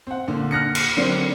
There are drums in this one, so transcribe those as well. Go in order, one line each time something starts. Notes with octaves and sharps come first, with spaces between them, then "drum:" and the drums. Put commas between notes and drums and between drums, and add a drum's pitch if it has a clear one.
C4 F#5
A#2 D3
F6 F#6 A#6 C#7
drum: cymbal
D3 F#3 A#3 C4 D4